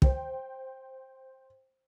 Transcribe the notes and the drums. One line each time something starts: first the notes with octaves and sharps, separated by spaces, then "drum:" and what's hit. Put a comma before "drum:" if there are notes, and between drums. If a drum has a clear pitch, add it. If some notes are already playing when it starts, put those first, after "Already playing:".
C5 G5, drum: kick